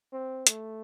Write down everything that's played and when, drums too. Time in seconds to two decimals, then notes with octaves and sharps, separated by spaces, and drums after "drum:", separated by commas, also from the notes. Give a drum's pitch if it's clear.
0.12 C4
0.47 A3, drum: hi-hat